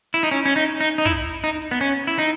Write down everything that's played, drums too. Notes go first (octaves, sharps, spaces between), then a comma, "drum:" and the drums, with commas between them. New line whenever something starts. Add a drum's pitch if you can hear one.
E4
D#4
C#4, drum: hi-hat
C#4
D#4
drum: hi-hat
D#4
D#4
E4, drum: kick, hi-hat
drum: hi-hat
D#4
drum: hi-hat
B3
C#4, drum: hi-hat
E4
D#4, drum: hi-hat